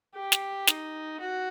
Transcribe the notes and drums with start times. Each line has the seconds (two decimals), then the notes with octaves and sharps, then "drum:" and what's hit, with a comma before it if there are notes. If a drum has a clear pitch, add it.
0.14 G4
0.32 drum: snare
0.67 D#4, drum: snare
1.20 F#4